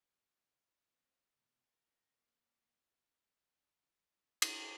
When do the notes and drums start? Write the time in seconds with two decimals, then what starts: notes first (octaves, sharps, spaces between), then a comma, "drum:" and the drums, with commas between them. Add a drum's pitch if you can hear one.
0.93 C4 C#4
1.34 C#2 B2
1.72 A#4
2.20 A#3
4.42 C3, drum: cymbal